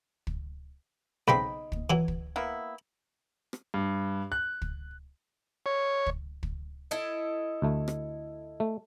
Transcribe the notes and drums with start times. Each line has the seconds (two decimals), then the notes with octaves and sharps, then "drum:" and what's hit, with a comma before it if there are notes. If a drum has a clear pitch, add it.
0.27 drum: kick
1.28 B1 C#3 C4 D#4 D#5 B5
1.72 drum: kick
1.90 E3 F#3
2.08 drum: kick
2.36 A#3 B3 E4
3.53 drum: rim click
3.74 G2
4.32 F#6
4.62 drum: kick
5.66 C#5
6.06 drum: kick
6.43 drum: kick
6.91 E4 A4 D#5
7.62 D2 A3
7.88 drum: rim click
8.60 A3